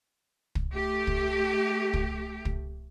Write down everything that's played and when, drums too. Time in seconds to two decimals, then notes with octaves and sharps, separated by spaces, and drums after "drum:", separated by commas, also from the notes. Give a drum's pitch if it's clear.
0.55 drum: kick
0.73 A3 G4
1.07 drum: kick
1.93 drum: kick
2.45 drum: kick